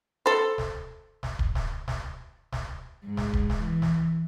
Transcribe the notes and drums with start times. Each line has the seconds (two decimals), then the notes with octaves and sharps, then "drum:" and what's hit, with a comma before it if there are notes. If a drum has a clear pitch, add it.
0.26 A4 C5
0.58 drum: snare
1.23 drum: snare
1.39 drum: kick D1
1.55 drum: snare
1.88 drum: snare
2.52 drum: snare
3.06 G#2
3.17 drum: snare
3.33 drum: kick D1
3.50 drum: snare
3.60 E3
3.82 drum: snare